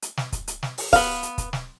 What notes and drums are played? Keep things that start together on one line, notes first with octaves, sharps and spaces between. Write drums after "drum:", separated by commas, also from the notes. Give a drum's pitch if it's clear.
drum: hi-hat
drum: snare
drum: kick, hi-hat
drum: hi-hat
drum: snare
drum: open hi-hat
B3 F5, drum: kick, open hi-hat
drum: hi-hat
drum: kick, hi-hat
drum: snare